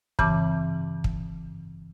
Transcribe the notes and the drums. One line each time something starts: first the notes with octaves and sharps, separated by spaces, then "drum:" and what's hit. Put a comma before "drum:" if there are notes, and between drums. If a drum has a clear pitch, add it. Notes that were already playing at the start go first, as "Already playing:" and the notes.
G2 C#3 E3 C4 A5 D6, drum: kick
drum: kick